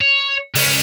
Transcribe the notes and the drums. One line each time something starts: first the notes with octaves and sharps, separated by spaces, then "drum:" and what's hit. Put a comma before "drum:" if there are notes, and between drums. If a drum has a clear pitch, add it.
C#5
C#2 C#4, drum: open hi-hat